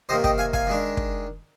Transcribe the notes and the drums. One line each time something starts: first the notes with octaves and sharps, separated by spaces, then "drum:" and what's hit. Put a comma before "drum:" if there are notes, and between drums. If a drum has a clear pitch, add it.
C3 D#3 A#3 C5 D#5
D#5 G5, drum: kick
F5 G#5
F5 G#5, drum: kick
D#3 G#3 D4
drum: kick